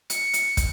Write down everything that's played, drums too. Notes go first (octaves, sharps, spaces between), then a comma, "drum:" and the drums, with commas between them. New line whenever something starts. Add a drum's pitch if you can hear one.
C#7, drum: hi-hat
drum: hi-hat
drum: kick, hi-hat